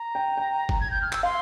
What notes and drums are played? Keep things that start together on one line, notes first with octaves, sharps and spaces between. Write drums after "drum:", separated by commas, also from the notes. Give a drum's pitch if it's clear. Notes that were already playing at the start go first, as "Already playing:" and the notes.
Already playing: A#5
G5
G5
drum: kick
G#6
G6
F6
E6, drum: clap
F5 C6